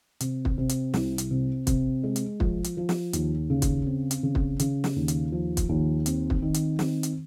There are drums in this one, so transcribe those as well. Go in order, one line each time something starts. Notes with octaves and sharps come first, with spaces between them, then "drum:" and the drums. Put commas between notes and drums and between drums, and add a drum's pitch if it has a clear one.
C3, drum: hi-hat
drum: kick
C3
drum: hi-hat
C2, drum: snare
drum: hi-hat
C3
C3, drum: kick, hi-hat
G#3
drum: hi-hat
F3, drum: kick
drum: hi-hat
F3
drum: snare
D#2, drum: hi-hat
C#3
drum: kick, hi-hat
C4
drum: hi-hat
C#3
drum: kick
C#3, drum: hi-hat
drum: snare
D#2
drum: hi-hat
F3
drum: kick, hi-hat
D#2
C4, drum: hi-hat
drum: kick
D#3
drum: hi-hat
C4, drum: snare
drum: hi-hat